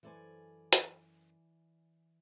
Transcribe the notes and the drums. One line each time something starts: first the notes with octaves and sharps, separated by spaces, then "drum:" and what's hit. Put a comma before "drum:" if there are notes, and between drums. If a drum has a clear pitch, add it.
F#2 E3 A4 C5 D5 G#5
drum: hi-hat